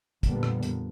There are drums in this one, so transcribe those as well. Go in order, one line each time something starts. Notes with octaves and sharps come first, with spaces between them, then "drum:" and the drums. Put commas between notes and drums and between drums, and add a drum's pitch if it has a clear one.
F2 A#2 D3 G3 A#3 B3, drum: kick, hi-hat
drum: rim click
drum: hi-hat